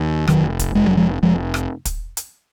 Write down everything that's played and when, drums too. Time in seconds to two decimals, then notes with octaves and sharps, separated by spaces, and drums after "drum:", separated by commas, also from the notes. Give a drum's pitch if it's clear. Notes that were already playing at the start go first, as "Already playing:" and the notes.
Already playing: D#2
0.28 F1 D#3 F#3, drum: rim click
0.59 drum: kick, hi-hat
0.75 F1 G#3
0.86 F#3
0.97 F3 G#3
1.22 F1 F3 G#3
1.54 drum: rim click
1.85 drum: kick, hi-hat
2.17 drum: hi-hat